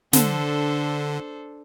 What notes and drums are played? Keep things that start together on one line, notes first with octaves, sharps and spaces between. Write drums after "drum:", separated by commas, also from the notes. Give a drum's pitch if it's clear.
D3 D4 A4 C5, drum: snare